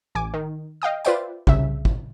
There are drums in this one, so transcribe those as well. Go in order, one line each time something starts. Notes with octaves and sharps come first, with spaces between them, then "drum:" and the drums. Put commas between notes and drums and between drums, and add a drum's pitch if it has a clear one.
A1 G#5 D6
D#3
D#5 F5 G5 D#6
F4 B4 C5 D5 E5 G5, drum: tambourine
C2 C#3 E5, drum: kick
drum: kick